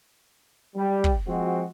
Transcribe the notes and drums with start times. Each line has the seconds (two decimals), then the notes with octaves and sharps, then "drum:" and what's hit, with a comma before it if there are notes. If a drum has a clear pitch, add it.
0.76 G3
1.04 drum: kick
1.28 F3 G#3 C4 F#4